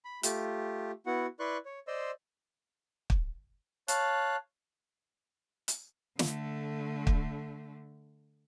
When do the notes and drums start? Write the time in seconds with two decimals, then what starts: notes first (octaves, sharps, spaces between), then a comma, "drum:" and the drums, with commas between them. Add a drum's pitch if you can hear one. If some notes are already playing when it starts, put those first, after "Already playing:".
0.05 B5
0.23 A3 F4 G4, drum: hi-hat
1.06 B3 E4 F#4 F#5
1.40 E4 B4 D5 C6 C#6 F#6
1.65 C#5
1.87 C5 D5 D#5 C6 E6
3.10 drum: kick
3.88 C#5 F5 A5 F#6, drum: hi-hat
5.68 drum: hi-hat
6.19 D3 A3, drum: snare
7.07 drum: kick